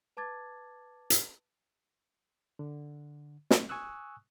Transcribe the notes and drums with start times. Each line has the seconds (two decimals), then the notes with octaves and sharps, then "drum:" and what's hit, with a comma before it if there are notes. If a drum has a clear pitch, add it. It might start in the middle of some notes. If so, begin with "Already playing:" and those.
0.17 B4 A5 D6 G#6 A6
1.10 drum: hi-hat
2.59 D3
3.51 drum: snare
3.69 G#5 C#6 D#6 E6 F#6